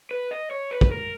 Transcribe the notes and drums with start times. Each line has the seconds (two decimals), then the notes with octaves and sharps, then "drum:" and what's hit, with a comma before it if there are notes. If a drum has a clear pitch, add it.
0.11 B4
0.31 D#5
0.51 C#5
0.71 B4
0.81 drum: kick
0.91 A#4